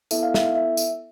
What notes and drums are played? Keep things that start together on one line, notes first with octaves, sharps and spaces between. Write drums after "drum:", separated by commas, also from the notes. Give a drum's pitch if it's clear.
B3 E4 A4 E5, drum: tambourine
F5
E5, drum: snare
E5
drum: tambourine